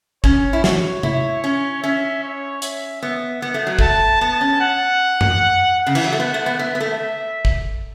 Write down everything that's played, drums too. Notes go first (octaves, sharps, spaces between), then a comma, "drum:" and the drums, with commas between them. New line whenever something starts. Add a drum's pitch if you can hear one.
C#4 C#5, drum: kick
E4
F#4 C#5, drum: snare
E4, drum: tom
C#4
C#4 E5
C#5
E5, drum: hi-hat
B3 E5
B3 F#5
A3
F#3
A3 A5, drum: kick
B3 A5
C#4
F#5
drum: tom F#2
F#5
C#3
E3, drum: cymbal
F#3
A3
B3 F#5
A3
B3
B3 E5
B3
A3
drum: kick